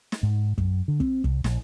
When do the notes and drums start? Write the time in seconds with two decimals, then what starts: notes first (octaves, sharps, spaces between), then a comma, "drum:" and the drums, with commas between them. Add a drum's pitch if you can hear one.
0.12 drum: snare
0.23 G#2
0.58 F#2, drum: kick
0.88 D3
1.00 C4, drum: kick
1.24 C2, drum: kick
1.44 A#1, drum: snare